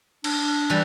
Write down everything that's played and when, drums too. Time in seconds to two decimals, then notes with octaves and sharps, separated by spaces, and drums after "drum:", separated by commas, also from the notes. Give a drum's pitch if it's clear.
0.24 D4, drum: cymbal
0.70 E3 G3